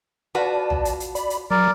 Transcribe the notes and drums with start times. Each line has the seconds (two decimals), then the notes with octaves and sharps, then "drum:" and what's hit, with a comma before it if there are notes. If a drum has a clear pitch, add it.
0.35 F4 F#4 B4 D5 A5
0.70 drum: tom
0.85 drum: hi-hat
1.00 drum: hi-hat
1.15 D5 B5, drum: hi-hat
1.30 drum: hi-hat
1.51 F#3 A#4 D5